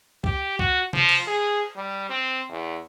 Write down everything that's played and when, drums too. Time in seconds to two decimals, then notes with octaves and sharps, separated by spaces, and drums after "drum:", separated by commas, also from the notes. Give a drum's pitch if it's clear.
0.24 G4, drum: kick
0.59 F#4, drum: kick
0.93 F3, drum: tom C3
1.09 drum: cymbal
1.28 G#4
1.76 G3
2.09 C4
2.49 E2